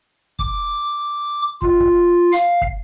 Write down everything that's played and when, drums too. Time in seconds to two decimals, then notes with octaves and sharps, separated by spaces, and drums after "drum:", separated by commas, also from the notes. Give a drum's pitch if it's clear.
0.39 D6, drum: kick
1.62 F4, drum: kick
1.80 drum: kick
2.32 F5, drum: hi-hat
2.61 drum: kick